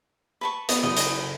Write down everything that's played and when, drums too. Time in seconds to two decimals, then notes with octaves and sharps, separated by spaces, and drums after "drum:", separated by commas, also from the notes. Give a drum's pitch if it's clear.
0.41 B4 A5 C#6
0.69 B3 D#5, drum: hi-hat
0.83 F#1 D#5
0.97 drum: hi-hat